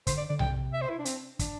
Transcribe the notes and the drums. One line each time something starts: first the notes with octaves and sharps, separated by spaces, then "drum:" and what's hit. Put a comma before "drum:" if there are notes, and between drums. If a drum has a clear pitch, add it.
D3 C5, drum: kick, hi-hat
D5
D3 D5
C3 G5, drum: tom B1
E5
C5
E4
D4
C4, drum: hi-hat
D4, drum: kick, hi-hat